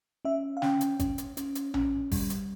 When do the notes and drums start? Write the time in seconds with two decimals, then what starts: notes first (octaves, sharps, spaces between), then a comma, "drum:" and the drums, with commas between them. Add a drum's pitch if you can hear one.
0.25 C#4 E5
0.57 F5
0.62 C#4 G5, drum: snare
0.81 drum: hi-hat
1.00 C#4, drum: kick G#1, hi-hat
1.18 drum: hi-hat
1.37 C#4, drum: hi-hat
1.55 drum: hi-hat
1.74 C#4, drum: tom A#1
2.12 G3, drum: kick G#1, open hi-hat
2.30 drum: hi-hat